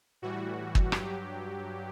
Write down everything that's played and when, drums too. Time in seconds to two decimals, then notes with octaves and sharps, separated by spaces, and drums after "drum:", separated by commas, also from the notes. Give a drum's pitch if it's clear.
0.22 A2 E3 G3 F#4
0.75 drum: kick
0.92 G2 F#3 G4, drum: rim click